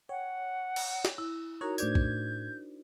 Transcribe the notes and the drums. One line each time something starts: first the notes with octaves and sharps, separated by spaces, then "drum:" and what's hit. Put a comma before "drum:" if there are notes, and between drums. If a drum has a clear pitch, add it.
C#5 F#5 G5
drum: cymbal
drum: snare
E4
D#4 F#4 A#4 C#5 A#5
A2 D4 C5 D5 G6 G#6, drum: tambourine
drum: kick